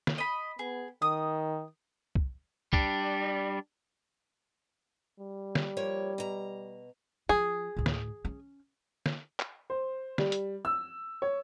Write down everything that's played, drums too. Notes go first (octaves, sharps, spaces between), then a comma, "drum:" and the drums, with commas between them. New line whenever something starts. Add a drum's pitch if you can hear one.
drum: snare
D#5 B5
B3 G#4
D#3 D#6
drum: kick
G3 D4, drum: kick
G3
drum: snare
F3 A#3 C#5
B2 A#5
F3 G#4
D2 A2
drum: snare
C#4
drum: snare
drum: clap
C5
G3, drum: snare
drum: hi-hat
E6
C#5